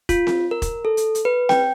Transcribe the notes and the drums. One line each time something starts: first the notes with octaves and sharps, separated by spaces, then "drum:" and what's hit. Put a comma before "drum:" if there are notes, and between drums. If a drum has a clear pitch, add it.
F4, drum: kick E1, hi-hat
drum: snare C4
A#4
drum: kick E1, hi-hat
A4
drum: hi-hat
drum: hi-hat
B4
G5, drum: snare C4